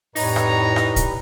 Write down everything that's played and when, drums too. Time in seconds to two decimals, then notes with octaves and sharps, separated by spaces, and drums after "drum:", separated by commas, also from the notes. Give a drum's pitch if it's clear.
0.16 F2 A2 G3 D#4 B4 C#5 A#5, drum: open hi-hat
0.36 drum: rim click
0.76 drum: rim click
0.96 drum: kick A#1, hi-hat